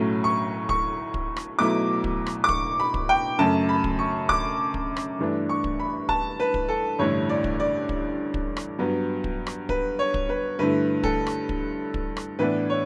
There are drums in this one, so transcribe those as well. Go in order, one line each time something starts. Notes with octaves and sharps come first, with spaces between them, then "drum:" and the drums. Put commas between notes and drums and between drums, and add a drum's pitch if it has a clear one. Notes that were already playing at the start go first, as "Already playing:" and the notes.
Already playing: B1 A2 F#3 A3 C#4
C#6
C#6, drum: kick
drum: kick
drum: rim click
B1 B2 F#3 A3 E4 D6
drum: kick
drum: rim click
D6
C#6, drum: kick
B5
drum: kick
G5
F#2 C#3 F#3 A3 A5
B5
drum: kick
C#6
D6, drum: kick
drum: kick
drum: rim click
G2 E3 A3 D4
C#6
drum: kick
B5
A5, drum: kick
B4
drum: kick
A4
A1 G2 D3 A3 E4 C#5
D5
drum: kick
D5
drum: kick
drum: kick
drum: rim click
G2 F#3 B3
drum: kick
drum: rim click
B4, drum: kick
C#5
drum: kick
B4
G2 D3 A3 E4 B4
A4, drum: kick
drum: rim click
drum: kick
drum: kick
drum: rim click
A2 E3 B3 D4 B4
C#5